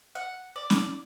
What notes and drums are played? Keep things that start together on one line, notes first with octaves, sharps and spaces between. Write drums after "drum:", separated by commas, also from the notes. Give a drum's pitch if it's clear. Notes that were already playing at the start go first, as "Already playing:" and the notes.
F#5
D5
drum: snare C#4